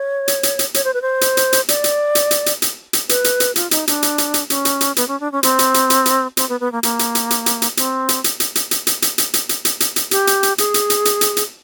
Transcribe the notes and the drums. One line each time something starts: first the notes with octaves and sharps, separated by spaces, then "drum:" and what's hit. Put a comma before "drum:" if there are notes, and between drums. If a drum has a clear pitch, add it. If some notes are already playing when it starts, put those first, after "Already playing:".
Already playing: C#5
drum: hi-hat
drum: hi-hat
drum: hi-hat
C#5, drum: hi-hat
C5
B4
C5
drum: hi-hat
drum: hi-hat
drum: hi-hat
D5, drum: hi-hat
drum: hi-hat
drum: hi-hat
drum: hi-hat
drum: hi-hat
drum: hi-hat
drum: hi-hat
B4, drum: hi-hat
drum: hi-hat
drum: hi-hat
F4, drum: hi-hat
D#4, drum: hi-hat
D4, drum: hi-hat
drum: hi-hat
drum: hi-hat
drum: hi-hat
C#4, drum: hi-hat
drum: hi-hat
drum: hi-hat
B3, drum: hi-hat
C#4
D4
C#4
C4, drum: hi-hat
drum: hi-hat
drum: hi-hat
drum: hi-hat
drum: hi-hat
C4, drum: hi-hat
B3
B3
A#3
A#3, drum: hi-hat
drum: hi-hat
drum: hi-hat
drum: hi-hat
drum: hi-hat
drum: hi-hat
C4, drum: hi-hat
drum: hi-hat
drum: hi-hat
drum: hi-hat
drum: hi-hat
drum: hi-hat
drum: hi-hat
drum: hi-hat
drum: hi-hat
drum: hi-hat
drum: hi-hat
drum: hi-hat
drum: hi-hat
drum: hi-hat
G4, drum: hi-hat
drum: hi-hat
drum: hi-hat
G#4, drum: hi-hat
drum: hi-hat
drum: hi-hat
drum: hi-hat
drum: hi-hat
drum: hi-hat